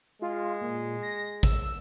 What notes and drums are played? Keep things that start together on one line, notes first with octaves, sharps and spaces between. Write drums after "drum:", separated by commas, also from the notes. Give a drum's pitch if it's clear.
G#3 F4
A#2
A#6
E6, drum: kick A1, hi-hat